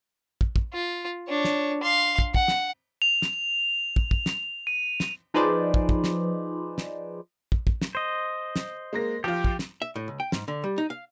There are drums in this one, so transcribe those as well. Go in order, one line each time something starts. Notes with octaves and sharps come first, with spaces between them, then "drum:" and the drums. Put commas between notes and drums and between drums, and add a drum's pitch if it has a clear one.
drum: kick
drum: kick
F4
D4 C#5
drum: snare
F5 C6
drum: kick
F#5, drum: kick
drum: snare
F7
drum: snare
drum: kick
drum: kick
drum: snare
D#7
drum: snare
F3 D#4 G#4 B4 C5 D5
drum: kick
drum: kick
drum: snare
drum: snare
drum: kick
drum: kick
drum: snare
C5 D#5
drum: snare
G#3 A#3 A#6
F3 F4 G4
drum: kick
drum: snare
E5
A2
C#2
G5
G#2, drum: snare
D3
G3
D#4
F5